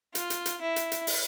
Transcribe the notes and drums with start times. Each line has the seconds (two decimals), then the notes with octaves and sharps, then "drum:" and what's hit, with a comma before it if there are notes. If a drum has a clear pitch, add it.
0.15 F4, drum: hi-hat
0.30 drum: hi-hat
0.46 drum: hi-hat
0.61 E4
0.76 drum: hi-hat
0.92 drum: hi-hat
1.07 drum: open hi-hat